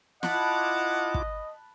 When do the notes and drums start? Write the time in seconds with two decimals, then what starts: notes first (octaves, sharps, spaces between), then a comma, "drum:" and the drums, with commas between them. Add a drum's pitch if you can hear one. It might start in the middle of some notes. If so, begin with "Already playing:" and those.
0.23 E4 F4 D#5 F#5 A5 B5 D6 F#6, drum: snare
1.14 drum: kick